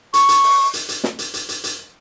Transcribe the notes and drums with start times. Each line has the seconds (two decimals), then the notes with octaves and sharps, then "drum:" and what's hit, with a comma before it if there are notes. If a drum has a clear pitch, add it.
0.14 C#6, drum: hi-hat
0.29 drum: hi-hat
0.44 drum: open hi-hat
0.74 drum: hi-hat
0.89 drum: hi-hat
1.04 drum: snare
1.19 drum: hi-hat
1.34 drum: hi-hat
1.49 drum: hi-hat
1.64 drum: hi-hat